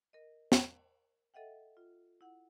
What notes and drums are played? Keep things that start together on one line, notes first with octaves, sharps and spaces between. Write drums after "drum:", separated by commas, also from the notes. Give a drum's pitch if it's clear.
A#4 D#5
drum: snare
A4 D#5 E5 F#5 G5
F4
E4 F#5